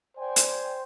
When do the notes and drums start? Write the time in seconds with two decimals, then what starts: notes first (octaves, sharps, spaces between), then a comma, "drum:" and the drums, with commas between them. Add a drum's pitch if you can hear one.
0.17 C5 D5 G5 G#5
0.36 drum: hi-hat